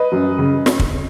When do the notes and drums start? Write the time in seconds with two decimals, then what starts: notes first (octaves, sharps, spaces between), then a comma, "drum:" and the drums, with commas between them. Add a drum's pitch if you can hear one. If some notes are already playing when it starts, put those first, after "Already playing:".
Already playing: B4 D#5
0.12 F#2
0.38 C#3
0.66 drum: snare
0.79 drum: kick